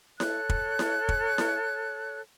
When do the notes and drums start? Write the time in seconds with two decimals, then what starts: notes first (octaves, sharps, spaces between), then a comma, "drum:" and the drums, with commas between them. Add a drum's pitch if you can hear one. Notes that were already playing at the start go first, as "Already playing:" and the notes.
0.20 A4 C#5 F#6, drum: snare E4
0.49 drum: kick
0.79 drum: snare E4
1.09 drum: kick
1.38 drum: snare E4